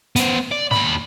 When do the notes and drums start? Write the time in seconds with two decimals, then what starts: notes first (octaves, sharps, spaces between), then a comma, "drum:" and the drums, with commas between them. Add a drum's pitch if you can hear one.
0.16 B3 C5, drum: hi-hat
0.51 D5
0.71 D#2 B5, drum: snare